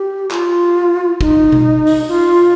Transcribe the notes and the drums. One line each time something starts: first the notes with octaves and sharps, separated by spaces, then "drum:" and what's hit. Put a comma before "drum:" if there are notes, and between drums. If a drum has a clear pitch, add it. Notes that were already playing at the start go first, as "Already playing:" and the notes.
Already playing: G4
F4, drum: clap
D#4, drum: kick
drum: tom B2
drum: open hi-hat
F4